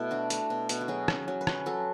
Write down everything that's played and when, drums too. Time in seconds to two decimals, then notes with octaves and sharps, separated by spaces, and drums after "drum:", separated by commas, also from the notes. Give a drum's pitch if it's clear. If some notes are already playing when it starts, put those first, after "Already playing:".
Already playing: B2 A3 E4
0.11 D4 F#4
0.30 A3, drum: hi-hat
0.50 B2
0.69 B2, drum: hi-hat
0.81 F#4
0.88 F#3 G#4
1.08 C#4, drum: rim click
1.28 F#3
1.41 B4
1.47 C#4, drum: rim click
1.66 F#3 A4